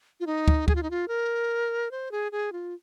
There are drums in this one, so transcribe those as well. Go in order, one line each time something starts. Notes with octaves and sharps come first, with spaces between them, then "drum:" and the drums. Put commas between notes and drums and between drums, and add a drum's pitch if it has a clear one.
F4
D#4
drum: kick
G#4, drum: kick
F4
D#4
F4
A#4
C5
G#4
G#4
F4